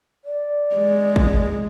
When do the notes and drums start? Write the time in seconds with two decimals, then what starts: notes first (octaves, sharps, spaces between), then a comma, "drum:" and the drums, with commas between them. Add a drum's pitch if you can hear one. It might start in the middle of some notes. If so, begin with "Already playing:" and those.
0.25 D5
0.75 G#3
1.16 drum: kick